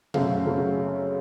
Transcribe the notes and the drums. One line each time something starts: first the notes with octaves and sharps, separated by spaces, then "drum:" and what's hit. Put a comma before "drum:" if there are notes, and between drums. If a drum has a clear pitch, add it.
F#2 C#3 F#3 A3 C4 F5, drum: tom B2
C#3 F#3 A3 C4